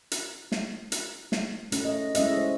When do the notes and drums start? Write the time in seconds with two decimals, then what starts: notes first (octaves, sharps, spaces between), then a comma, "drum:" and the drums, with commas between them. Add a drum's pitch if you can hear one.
0.11 drum: hi-hat
0.52 drum: snare
0.92 drum: hi-hat
1.32 drum: snare
1.72 A3 C#4, drum: hi-hat
1.85 D#5
2.15 G#3 C#4 E4 D#5 E5, drum: hi-hat
2.37 C5